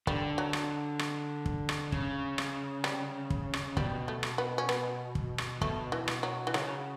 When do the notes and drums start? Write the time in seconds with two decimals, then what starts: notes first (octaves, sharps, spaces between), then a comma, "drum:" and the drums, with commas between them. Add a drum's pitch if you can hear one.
0.07 D3 G3, drum: kick
0.38 F#3
0.53 drum: rim click
0.99 drum: rim click
1.46 drum: kick
1.69 drum: rim click
1.92 C#3, drum: kick
2.38 drum: rim click
2.84 G3, drum: rim click
3.30 drum: kick
3.53 drum: rim click
3.77 B2 G3, drum: kick
4.08 A3
4.23 drum: rim click
4.38 B3
4.58 C#4
4.69 B3, drum: rim click
5.15 drum: kick
5.38 drum: rim click
5.61 B2 A3, drum: kick
5.92 E3
6.08 drum: rim click
6.23 F#3
6.47 E3
6.54 C#3 F#3, drum: rim click